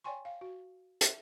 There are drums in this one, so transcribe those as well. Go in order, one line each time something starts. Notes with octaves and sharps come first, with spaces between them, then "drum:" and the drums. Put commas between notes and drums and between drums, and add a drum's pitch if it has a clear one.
C#5 D5 G5 G#5 C6 C#6
F5
F#4
E5, drum: hi-hat